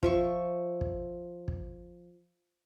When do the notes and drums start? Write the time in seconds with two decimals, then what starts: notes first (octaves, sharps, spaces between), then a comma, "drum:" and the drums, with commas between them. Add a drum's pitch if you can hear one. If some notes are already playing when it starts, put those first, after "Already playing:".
0.03 F3 E5 C#6, drum: kick
0.81 drum: kick
1.48 drum: kick